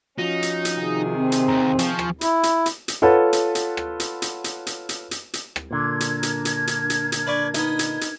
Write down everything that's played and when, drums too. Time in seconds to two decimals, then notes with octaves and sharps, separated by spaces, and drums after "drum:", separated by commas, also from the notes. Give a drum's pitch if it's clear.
0.19 F3 C#4 D#4 F4 F#4
0.43 drum: hi-hat
0.65 drum: hi-hat
0.78 C3 D#3 G#4
1.16 C4
1.32 drum: hi-hat
1.48 D#2 A#5
1.79 F3 G#5 C#6, drum: hi-hat
1.99 drum: rim click
2.21 E4, drum: hi-hat
2.43 drum: hi-hat
2.66 drum: hi-hat
2.88 drum: hi-hat
3.02 F4 A4 B4 C#5 F#5
3.33 drum: hi-hat
3.55 drum: hi-hat
3.77 drum: rim click
4.00 drum: hi-hat
4.22 drum: hi-hat
4.44 drum: hi-hat
4.67 drum: hi-hat
4.89 drum: hi-hat
5.11 drum: hi-hat
5.34 drum: hi-hat
5.56 drum: rim click
5.71 A#2 D3 D4 A#4 G#6
6.00 drum: hi-hat
6.23 drum: hi-hat
6.45 drum: hi-hat
6.67 drum: hi-hat
6.90 drum: hi-hat
7.12 drum: hi-hat
7.27 B4 D5 C#6
7.54 B3 D#4, drum: hi-hat
7.79 drum: hi-hat
8.01 drum: hi-hat